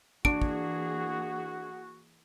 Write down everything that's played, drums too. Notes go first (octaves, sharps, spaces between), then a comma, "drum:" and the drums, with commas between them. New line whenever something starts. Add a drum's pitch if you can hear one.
E3 A#3 D4 F#4 G#4 D7, drum: kick
drum: kick